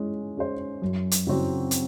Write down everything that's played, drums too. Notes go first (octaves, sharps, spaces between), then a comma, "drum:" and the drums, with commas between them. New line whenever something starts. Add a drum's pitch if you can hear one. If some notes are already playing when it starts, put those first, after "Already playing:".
Already playing: G#3 C#4
C#4 G#4 C5
F#2
drum: hi-hat
C#3 F#3 C4 F#4
drum: hi-hat